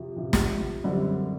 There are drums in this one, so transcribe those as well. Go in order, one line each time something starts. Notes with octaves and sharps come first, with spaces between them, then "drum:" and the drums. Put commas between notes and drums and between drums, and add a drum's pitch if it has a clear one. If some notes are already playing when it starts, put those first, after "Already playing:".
Already playing: F2 C3 F3
F2 C3 F3
drum: snare
F#2 D3 G3 C4